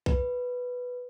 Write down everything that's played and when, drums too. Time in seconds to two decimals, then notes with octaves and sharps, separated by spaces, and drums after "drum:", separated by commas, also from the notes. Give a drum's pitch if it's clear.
0.06 B4, drum: kick B1